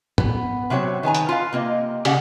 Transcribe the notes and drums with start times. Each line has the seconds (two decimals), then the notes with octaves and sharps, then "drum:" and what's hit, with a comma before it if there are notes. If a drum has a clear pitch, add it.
0.18 B3, drum: tom
0.70 C3 F#3 C4 G#4 C#5
1.03 D#3 B4 G#5 A#5
1.15 drum: hi-hat
1.29 F4 B4 F5
1.53 C3 A#3 D#5
2.05 C#3 G4 D5 F5 F#5, drum: cymbal